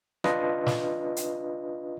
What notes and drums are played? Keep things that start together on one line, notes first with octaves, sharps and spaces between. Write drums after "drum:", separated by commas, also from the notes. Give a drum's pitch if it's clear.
D4 F4 B4 D#5, drum: rim click
drum: snare
drum: hi-hat